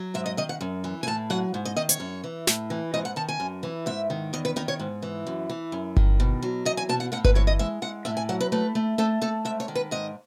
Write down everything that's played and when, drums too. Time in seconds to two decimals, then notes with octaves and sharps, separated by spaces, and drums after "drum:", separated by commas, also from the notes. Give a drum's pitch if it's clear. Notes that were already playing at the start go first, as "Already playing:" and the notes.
Already playing: F#3
0.14 G#2 E5
0.26 D#5
0.37 D#3 D#5
0.49 F#5
0.61 F#2
0.84 E3
1.03 G#5
1.07 A2 A5
1.30 F#3 F#5
1.54 G#2
1.65 D#5
1.76 D#3 D#5
1.89 C#5, drum: hi-hat
2.00 F#2
2.24 E3
2.47 A2, drum: snare
2.70 E3
2.94 G#2 D#5
3.05 F#5
3.16 D#3 A5
3.28 G#5
3.40 F#2
3.63 E3
3.86 G#2 E5
4.10 D#3
4.33 E2 D#5
4.45 B4
4.56 D#3 D#4
4.68 C#5
4.79 G#2
5.02 E3
5.27 F#2
5.50 E3
5.72 F#2
5.97 D#3, drum: kick G1
6.20 B2
6.42 F#3
6.65 E2 D#5
6.77 G#5
6.89 B2 A5
7.00 F#5
7.12 A2 F#5
7.25 B4, drum: kick G1
7.35 E3 C#5
7.47 D#5
7.59 G#3 E5
7.82 G#3 F#5
8.05 A2 E5
8.17 G#5
8.29 F#3 F#5
8.41 B4
8.52 A3 B4
8.75 A3
8.98 A3 A4
9.21 A3 A4
9.45 G#2 E5
9.60 C#5
9.68 D#3
9.75 B4
9.91 G#2 D#5